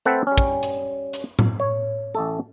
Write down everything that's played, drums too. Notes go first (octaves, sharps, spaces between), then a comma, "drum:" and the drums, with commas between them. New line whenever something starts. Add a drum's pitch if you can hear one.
A3 C4 A4 B4 C5 F#5
G3 C#4
drum: kick
drum: hi-hat
drum: hi-hat
drum: tom A2
C#5
A1 A3 A4